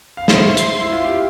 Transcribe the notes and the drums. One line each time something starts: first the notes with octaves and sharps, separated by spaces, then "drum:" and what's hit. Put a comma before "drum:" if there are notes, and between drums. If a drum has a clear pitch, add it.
F5
C5 E5 C6, drum: snare
drum: hi-hat
E4
F4
G4